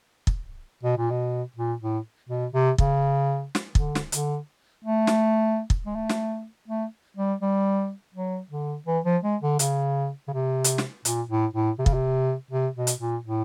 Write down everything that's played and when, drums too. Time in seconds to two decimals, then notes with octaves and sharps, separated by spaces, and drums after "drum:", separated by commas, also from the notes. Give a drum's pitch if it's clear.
0.27 drum: kick
0.83 B2
0.97 A#2
1.11 B2
1.56 A#2
1.82 A2
2.29 B2
2.54 C3
2.78 C#3, drum: kick
3.55 drum: snare
3.75 D3, drum: kick
3.95 drum: snare
4.12 D3, drum: hi-hat
4.85 A3
5.07 drum: snare
5.70 drum: kick
5.86 G#3
5.95 A3
6.10 drum: snare
6.68 A3
7.17 G3
7.41 G3
8.14 F#3
8.50 D3
8.86 E3
9.04 F3
9.23 G#3
9.42 D3
9.59 C#3, drum: hi-hat
10.28 C#3
10.33 C3
10.64 drum: hi-hat
10.78 drum: snare
11.05 A#2, drum: hi-hat
11.29 A2
11.54 A2
11.79 C3
11.86 C#3, drum: kick
11.94 C3
12.51 C3
12.76 B2
12.87 drum: hi-hat
13.00 A#2
13.25 A2